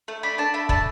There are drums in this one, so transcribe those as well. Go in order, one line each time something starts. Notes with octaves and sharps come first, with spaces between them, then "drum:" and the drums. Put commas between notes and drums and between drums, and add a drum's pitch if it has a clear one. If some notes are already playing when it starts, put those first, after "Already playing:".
A3
D4 B5
D4 A5
A3 B5
A3 A5, drum: kick